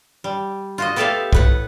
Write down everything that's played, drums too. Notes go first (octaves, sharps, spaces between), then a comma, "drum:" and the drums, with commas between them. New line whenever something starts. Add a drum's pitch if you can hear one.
G3
F4 F#4 D#5
B3 G4 A4 D5 E5 F5
A2 B4 F#5, drum: kick